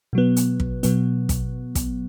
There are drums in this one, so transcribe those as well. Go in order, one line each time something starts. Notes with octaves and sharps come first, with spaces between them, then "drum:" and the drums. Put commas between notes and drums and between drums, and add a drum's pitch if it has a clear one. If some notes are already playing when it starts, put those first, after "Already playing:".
B2 F#3 B3
drum: hi-hat
drum: kick
B2 F#3 B3, drum: hi-hat
drum: kick, hi-hat
drum: kick, hi-hat